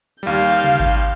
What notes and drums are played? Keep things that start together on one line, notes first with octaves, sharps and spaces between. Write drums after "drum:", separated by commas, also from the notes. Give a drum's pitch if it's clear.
D#2 G3 F5 G6
drum: tom C3
drum: kick G#1